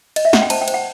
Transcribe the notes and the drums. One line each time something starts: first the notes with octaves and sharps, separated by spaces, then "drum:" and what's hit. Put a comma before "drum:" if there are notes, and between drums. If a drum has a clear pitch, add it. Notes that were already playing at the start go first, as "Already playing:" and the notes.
D#5, drum: cymbal
E5
F#5, drum: snare
G5
C5 A5, drum: cymbal
G5
C5, drum: cymbal
F#5